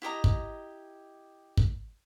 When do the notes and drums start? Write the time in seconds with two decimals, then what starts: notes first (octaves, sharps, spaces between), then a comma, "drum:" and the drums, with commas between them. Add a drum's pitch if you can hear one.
0.02 E4 G4 D#5 A#5
0.24 drum: kick
1.57 drum: kick